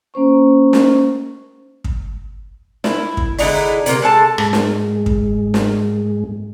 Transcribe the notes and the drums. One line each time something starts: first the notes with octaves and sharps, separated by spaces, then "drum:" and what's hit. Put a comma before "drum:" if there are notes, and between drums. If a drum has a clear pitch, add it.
A#3 C#4 C5 C#6
drum: snare
drum: kick
E4, drum: snare
drum: kick
D3 G#3 D#4 E4, drum: open hi-hat
C3 A#3, drum: hi-hat
G#3 A4 A5
G#2 G#3, drum: rim click
drum: snare
drum: kick
drum: snare